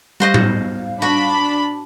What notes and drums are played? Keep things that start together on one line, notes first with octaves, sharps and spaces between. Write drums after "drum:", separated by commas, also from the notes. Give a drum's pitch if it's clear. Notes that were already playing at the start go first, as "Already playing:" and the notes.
G3 F#4 C5 D#5 F5
drum: tom A2
D4 F#4 B5